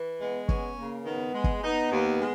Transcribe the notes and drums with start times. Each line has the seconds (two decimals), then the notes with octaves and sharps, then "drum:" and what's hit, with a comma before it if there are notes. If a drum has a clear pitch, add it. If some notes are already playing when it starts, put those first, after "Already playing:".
Already playing: E3
0.21 G#3 B3
0.49 B3 C#4, drum: kick
0.78 C#3 A#3
1.06 D#3 B3
1.34 G#3
1.44 drum: kick
1.63 B3 D#4
1.91 D#2
2.20 G#3